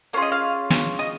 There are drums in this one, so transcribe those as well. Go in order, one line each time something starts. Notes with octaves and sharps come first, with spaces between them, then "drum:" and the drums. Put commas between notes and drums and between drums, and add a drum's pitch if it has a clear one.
A#3 C#4 F4 G#4 F5
D#5
F5
drum: snare
D#5